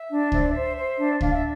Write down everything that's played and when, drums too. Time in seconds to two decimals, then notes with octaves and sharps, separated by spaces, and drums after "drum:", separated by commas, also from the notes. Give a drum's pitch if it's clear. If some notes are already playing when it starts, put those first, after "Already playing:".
Already playing: E5
0.11 D4
0.32 C5 E5, drum: kick
0.40 D5
0.48 E5
0.54 C5
0.76 C5
0.98 D4
1.21 D4 F5, drum: kick
1.31 E5